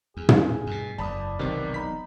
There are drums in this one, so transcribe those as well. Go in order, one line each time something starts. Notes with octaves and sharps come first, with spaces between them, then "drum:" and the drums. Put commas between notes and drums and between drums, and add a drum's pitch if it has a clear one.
E2 G#4
drum: tom
G2 B2
F#1 E2 D5 A5 B5 D#6
E1 B1 C3 D#3 B3
D#4 B5 B6